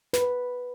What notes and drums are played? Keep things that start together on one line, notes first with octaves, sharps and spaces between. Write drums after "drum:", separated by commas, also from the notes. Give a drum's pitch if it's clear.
B4, drum: snare